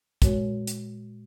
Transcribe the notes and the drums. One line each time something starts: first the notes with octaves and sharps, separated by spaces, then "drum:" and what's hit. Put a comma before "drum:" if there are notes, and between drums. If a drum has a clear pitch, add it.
A#2 G#3 F#4 C#5, drum: kick B1, hi-hat
drum: hi-hat